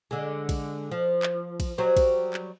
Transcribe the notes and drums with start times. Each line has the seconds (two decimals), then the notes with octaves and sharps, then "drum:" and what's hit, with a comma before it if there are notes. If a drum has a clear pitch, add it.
0.11 D3 G#3
0.49 drum: kick, cymbal
0.91 F3
1.23 drum: clap
1.60 drum: kick, cymbal
1.78 F#3 G3 C5
1.97 drum: kick, cymbal
2.33 drum: clap